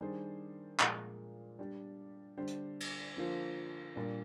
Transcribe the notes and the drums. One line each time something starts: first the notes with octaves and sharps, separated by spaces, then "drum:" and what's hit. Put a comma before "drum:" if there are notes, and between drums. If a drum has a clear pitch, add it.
D#3 G3 D4 G#4 C5
A#2 F3 G#3, drum: clap
G3 D4 G4
D3 G3 D4 G4 C5
drum: hi-hat
drum: cymbal
D3 F3 A#3 F4 C5
A#2 G3 A#3 D4